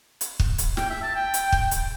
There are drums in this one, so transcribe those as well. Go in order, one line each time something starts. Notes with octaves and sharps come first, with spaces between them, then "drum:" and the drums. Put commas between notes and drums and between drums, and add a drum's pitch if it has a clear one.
drum: hi-hat
drum: kick
drum: hi-hat
G5, drum: snare
E5
A5
G5
drum: hi-hat
drum: kick
drum: hi-hat